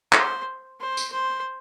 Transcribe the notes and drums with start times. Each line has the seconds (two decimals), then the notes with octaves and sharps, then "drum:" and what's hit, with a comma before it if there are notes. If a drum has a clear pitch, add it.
0.13 C5, drum: clap
0.80 C5
0.97 drum: tambourine
1.12 C5